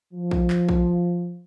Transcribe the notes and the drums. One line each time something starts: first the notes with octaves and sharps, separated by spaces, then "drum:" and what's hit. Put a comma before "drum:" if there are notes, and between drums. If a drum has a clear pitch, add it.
F3
drum: kick
drum: clap
drum: kick